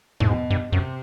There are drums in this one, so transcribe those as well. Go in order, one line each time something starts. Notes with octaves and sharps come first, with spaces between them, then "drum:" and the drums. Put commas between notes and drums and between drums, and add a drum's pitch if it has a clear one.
A2, drum: tom E2
G#2 B2
G2
F#2 C3